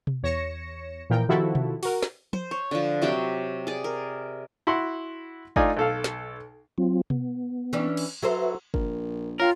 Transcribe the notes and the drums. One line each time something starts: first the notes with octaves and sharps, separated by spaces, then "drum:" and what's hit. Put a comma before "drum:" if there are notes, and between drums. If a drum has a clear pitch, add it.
drum: tom B2
E2 C#5 A#6 C#7 E7
A#2 E3 F3 A#4 G5
C3 D#3 F3 E4 F#4 A4
drum: tom B2
F#4 A#4, drum: open hi-hat
drum: snare
C5, drum: tom F3
C#5
D3 F3
C3 F#3 G4 G5
G#4 D5
A#4
E4 F#4 F#5 C6
A3 D4 D#4 F4 D5 G#5, drum: kick
B1 A4 F5
drum: snare
F#3 C4 F4
B3, drum: tom B2
E3 C#4 D4
drum: cymbal
F#3 F#4 A4 B4 C5 E5
A#1 A#4, drum: kick
F4 A#4 C#5 F5 G5